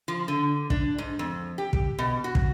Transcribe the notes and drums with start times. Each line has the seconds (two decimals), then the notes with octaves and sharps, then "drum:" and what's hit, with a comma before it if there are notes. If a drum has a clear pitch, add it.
0.08 F3
0.28 D3
0.70 D4, drum: kick
0.98 G#2
1.19 F2
1.58 G4
1.73 drum: kick
1.99 B2
2.24 F#4
2.35 drum: kick